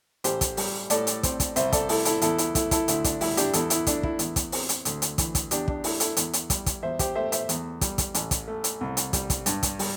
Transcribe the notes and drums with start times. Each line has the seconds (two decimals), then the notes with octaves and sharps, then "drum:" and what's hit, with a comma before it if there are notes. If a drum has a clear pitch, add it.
0.24 A1 G4 C5, drum: hi-hat
0.41 drum: kick, hi-hat
0.57 G3, drum: open hi-hat
0.90 A2 A4 D5, drum: hi-hat
1.07 drum: hi-hat
1.23 C4, drum: kick, hi-hat
1.40 drum: kick, hi-hat
1.56 C2 C5 E5, drum: hi-hat
1.72 A4 D5, drum: kick, hi-hat
1.89 A3 E4 A4, drum: open hi-hat
2.05 E4 A4, drum: hi-hat
2.21 E2 E4 A4, drum: hi-hat
2.38 E4, drum: hi-hat
2.55 A3 E4, drum: kick, hi-hat
2.71 E4 A4, drum: kick, hi-hat
2.88 D2 E4, drum: hi-hat
3.04 D4, drum: kick, hi-hat
3.21 G3 E4, drum: open hi-hat
3.37 D4 G4, drum: hi-hat
3.53 E2 E4 A4, drum: hi-hat
3.70 E4, drum: hi-hat
3.87 A3 D4, drum: kick, hi-hat
4.03 E4, drum: kick
4.19 E2, drum: hi-hat
4.36 drum: kick, hi-hat
4.52 C4, drum: open hi-hat
4.69 drum: hi-hat
4.85 D2, drum: hi-hat
5.02 drum: hi-hat
5.18 E3, drum: kick, hi-hat
5.35 drum: kick, hi-hat
5.51 E2 D4 G4, drum: hi-hat
5.68 D4, drum: kick
5.84 A3 E4, drum: open hi-hat
6.00 E4 A4, drum: hi-hat
6.17 E2, drum: hi-hat
6.33 drum: hi-hat
6.50 G3, drum: kick, hi-hat
6.66 drum: kick, hi-hat
6.83 E2 C5 E5
6.99 G4 C5, drum: kick, hi-hat
7.16 A3 C5 E5
7.32 C5 E5, drum: hi-hat
7.49 E2, drum: hi-hat
7.81 G3, drum: kick, hi-hat
7.98 drum: kick, hi-hat
8.14 A1, drum: hi-hat
8.31 drum: kick, hi-hat
8.48 A3
8.64 drum: hi-hat
8.81 C2
8.97 drum: hi-hat
9.13 G3, drum: kick, hi-hat
9.30 drum: kick, hi-hat
9.46 G2, drum: hi-hat
9.63 drum: kick, hi-hat
9.79 G3, drum: open hi-hat